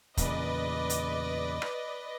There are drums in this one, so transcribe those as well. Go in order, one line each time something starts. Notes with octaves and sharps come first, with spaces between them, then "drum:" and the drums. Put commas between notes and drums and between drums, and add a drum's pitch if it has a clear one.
E2 A#2 C#3 B4 D5 D#5, drum: kick, hi-hat
drum: hi-hat
drum: rim click